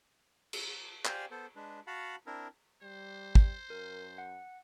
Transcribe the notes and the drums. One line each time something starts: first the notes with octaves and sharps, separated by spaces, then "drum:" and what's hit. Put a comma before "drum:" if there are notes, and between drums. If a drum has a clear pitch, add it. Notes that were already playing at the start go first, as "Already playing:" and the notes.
drum: cymbal
G4 C5 D5 F5 G5 G#5, drum: clap
B3 A4 C5
G#3 D4 B4
F#4 F5 F#5 A5 B5
C4 D4 E4 A#4
G3 C5
drum: kick
F#2 A#4
F#5